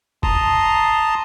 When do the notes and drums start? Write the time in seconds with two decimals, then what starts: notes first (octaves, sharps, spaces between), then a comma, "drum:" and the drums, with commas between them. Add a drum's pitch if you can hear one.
0.23 A5 A#5 C6 D#6, drum: kick F#1